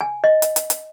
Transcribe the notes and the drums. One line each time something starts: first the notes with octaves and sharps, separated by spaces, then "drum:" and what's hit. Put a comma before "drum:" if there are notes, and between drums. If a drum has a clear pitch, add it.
G#5
D#5
drum: hi-hat
drum: hi-hat
drum: hi-hat